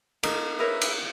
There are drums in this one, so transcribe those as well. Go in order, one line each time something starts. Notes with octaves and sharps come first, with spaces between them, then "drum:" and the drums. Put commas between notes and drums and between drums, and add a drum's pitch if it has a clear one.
A#3 D#4 A4 D#5, drum: cymbal
G#4 A#4 B4 C#5 E5
drum: cymbal